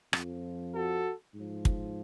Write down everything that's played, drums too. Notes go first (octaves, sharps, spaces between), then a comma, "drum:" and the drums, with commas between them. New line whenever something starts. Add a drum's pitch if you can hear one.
F2 F3, drum: rim click
F#4 A4
G#2 F3
drum: kick